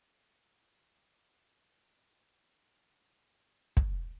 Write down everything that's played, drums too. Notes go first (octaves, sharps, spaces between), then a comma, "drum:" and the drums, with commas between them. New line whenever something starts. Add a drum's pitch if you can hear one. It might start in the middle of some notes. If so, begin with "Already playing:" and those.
Already playing: F#4
A3
F#2
A3
E2
E3
E2
A3
E2
A2
A3
A3
drum: kick